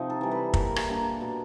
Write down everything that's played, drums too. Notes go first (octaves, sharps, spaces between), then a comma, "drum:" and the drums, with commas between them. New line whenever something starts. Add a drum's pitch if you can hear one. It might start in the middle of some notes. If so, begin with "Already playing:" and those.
Already playing: C3 F3 D#4
A4
E3 G3
B4
A#2 A#4, drum: kick
drum: rim click
G3 A#3 D4
B2